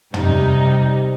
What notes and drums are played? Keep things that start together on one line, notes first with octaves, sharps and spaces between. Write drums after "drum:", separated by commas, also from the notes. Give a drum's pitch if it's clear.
C3 G3 D#4, drum: tom